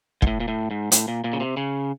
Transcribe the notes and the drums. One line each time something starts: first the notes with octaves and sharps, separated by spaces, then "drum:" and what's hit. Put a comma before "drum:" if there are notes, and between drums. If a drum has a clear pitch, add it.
G#2, drum: kick
A2
A#2
A2
G#2
A2, drum: hi-hat
A#2
A#2
C#3
C3
C#3